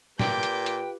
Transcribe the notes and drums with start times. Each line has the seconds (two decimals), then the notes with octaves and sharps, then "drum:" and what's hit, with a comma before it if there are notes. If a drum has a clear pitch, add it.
0.19 A#2 F4 G4 B4 G5 D6 G6, drum: snare
0.43 drum: hi-hat
0.66 drum: hi-hat